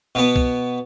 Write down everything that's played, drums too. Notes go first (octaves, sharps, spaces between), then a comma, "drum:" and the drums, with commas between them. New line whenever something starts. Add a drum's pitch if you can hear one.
B2 B3
drum: kick C2